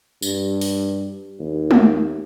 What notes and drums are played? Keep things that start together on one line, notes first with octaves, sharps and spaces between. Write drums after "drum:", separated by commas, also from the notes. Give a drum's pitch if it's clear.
G2, drum: tambourine
drum: open hi-hat
D#2
drum: tom G#3